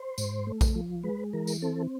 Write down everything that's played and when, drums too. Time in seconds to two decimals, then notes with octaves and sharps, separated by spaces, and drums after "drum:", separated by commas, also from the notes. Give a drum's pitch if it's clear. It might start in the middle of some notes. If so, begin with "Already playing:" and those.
Already playing: C5
0.18 G#2, drum: tambourine
0.47 A3
0.61 drum: kick A#1, tambourine
0.75 F3
1.04 G#3 B4
1.33 E3 A#4
1.47 drum: tambourine
1.62 C4 A4